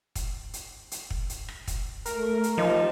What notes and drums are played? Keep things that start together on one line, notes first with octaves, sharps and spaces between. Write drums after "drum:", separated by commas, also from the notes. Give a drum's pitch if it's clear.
drum: kick, hi-hat
drum: hi-hat
drum: hi-hat
drum: kick
drum: hi-hat
drum: rim click
drum: kick, hi-hat
A3 A#4, drum: hi-hat
drum: hi-hat
F3 D#4 G4 A5